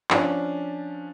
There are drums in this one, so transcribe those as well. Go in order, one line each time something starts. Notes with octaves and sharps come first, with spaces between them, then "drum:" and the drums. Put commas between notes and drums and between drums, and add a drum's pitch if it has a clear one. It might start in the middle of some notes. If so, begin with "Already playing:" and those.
F3 C#4 D4, drum: clap